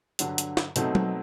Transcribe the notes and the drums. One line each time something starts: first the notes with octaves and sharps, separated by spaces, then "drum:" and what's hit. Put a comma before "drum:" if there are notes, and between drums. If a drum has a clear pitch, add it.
G2 D3 F#3, drum: hi-hat
drum: hi-hat
drum: snare
B2 F#3 A3 C4 D#4, drum: hi-hat
drum: tom F#3